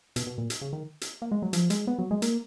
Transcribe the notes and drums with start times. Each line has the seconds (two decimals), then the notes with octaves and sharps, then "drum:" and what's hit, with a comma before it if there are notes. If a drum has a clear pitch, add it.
0.16 B2, drum: hi-hat
0.27 B2
0.38 A#2
0.50 drum: hi-hat
0.61 C#3
0.73 D#3
1.01 drum: hi-hat
1.22 A#3
1.32 G#3
1.42 F#3
1.53 F3, drum: hi-hat
1.70 G#3, drum: hi-hat
1.87 B3
1.99 F#3
2.11 G#3
2.22 A#3, drum: hi-hat